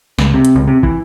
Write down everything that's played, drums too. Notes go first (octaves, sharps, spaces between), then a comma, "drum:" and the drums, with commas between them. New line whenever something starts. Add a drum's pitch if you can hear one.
C#2, drum: snare
C3
drum: hi-hat
C#2
C3
E3, drum: kick